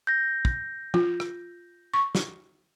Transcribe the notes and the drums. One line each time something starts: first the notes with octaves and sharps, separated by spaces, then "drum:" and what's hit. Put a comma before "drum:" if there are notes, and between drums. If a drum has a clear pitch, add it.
G6 A#6
drum: kick
F4, drum: tom
drum: rim click
C#6
drum: snare